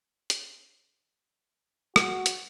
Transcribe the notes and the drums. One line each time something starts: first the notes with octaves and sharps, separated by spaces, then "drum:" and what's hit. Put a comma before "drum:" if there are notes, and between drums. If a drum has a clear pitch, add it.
drum: hi-hat
F#4, drum: rim click
drum: hi-hat